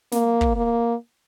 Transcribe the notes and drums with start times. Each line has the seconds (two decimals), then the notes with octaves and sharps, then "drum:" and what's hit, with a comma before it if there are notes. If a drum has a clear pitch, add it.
0.12 A#3, drum: snare
0.41 drum: kick
0.56 A#3